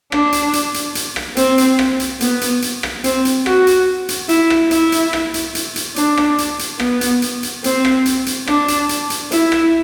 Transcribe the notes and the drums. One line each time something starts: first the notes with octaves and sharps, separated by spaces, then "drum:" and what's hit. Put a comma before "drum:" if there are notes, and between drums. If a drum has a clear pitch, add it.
D4, drum: rim click
drum: hi-hat
drum: hi-hat
drum: hi-hat
drum: hi-hat
drum: rim click
C4, drum: hi-hat
drum: hi-hat
drum: rim click
drum: hi-hat
B3, drum: hi-hat
drum: hi-hat
drum: hi-hat
drum: rim click
C4, drum: hi-hat
drum: hi-hat
F#4, drum: rim click
drum: hi-hat
drum: hi-hat
E4, drum: hi-hat
drum: rim click
E4, drum: hi-hat
drum: hi-hat
drum: rim click
drum: hi-hat
drum: hi-hat
drum: hi-hat
D4, drum: hi-hat
drum: rim click
drum: hi-hat
drum: hi-hat
B3, drum: rim click
drum: hi-hat
drum: hi-hat
drum: hi-hat
C4, drum: hi-hat
drum: rim click
drum: hi-hat
drum: hi-hat
D4, drum: rim click
drum: hi-hat
drum: hi-hat
drum: hi-hat
E4, drum: hi-hat
drum: rim click